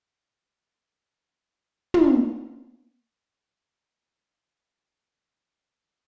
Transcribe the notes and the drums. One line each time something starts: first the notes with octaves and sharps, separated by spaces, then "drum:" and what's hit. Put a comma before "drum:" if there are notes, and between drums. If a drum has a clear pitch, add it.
G#4 A#4 G#5
F4 C#5
E4 C5
drum: tom
D3 F#3 F5